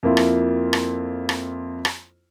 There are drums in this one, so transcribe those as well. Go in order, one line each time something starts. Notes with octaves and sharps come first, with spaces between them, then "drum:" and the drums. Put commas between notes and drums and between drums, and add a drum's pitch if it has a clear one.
F2 A#3 E4 F4
drum: rim click
drum: rim click
drum: rim click
drum: rim click